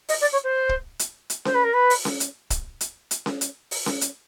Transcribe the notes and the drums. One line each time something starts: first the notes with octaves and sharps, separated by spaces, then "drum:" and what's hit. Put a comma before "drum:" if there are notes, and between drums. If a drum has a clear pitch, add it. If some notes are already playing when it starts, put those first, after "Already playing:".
D#5, drum: open hi-hat
D5
C#5
C5
drum: kick
drum: hi-hat
drum: hi-hat
C5, drum: snare C#4
B4
A#4
B4
drum: open hi-hat
drum: snare C#4
drum: hi-hat
drum: kick, hi-hat
drum: hi-hat
drum: hi-hat
drum: snare C#4
drum: hi-hat
drum: open hi-hat
drum: snare C#4
drum: hi-hat